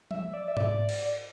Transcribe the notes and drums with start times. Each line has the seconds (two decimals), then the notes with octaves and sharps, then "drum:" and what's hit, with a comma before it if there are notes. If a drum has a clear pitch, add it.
0.11 E5, drum: tom F3
0.33 D5
0.48 E5
0.57 D5, drum: tom G#2
0.89 drum: cymbal